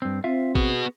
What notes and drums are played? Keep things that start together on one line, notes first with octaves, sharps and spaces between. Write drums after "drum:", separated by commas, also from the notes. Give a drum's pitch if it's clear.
G2 C4
C4 F4 E5 F5
B3 F#4 G#4, drum: kick